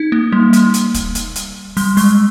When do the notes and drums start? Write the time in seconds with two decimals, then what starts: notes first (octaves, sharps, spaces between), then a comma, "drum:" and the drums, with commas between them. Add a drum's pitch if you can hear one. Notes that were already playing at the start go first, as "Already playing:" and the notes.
Already playing: D#4
0.12 A#3
0.33 G3
0.53 G3, drum: hi-hat
0.74 drum: hi-hat
0.94 drum: kick, hi-hat
1.15 drum: hi-hat
1.36 drum: hi-hat
1.77 G3, drum: open hi-hat
1.97 G#3, drum: open hi-hat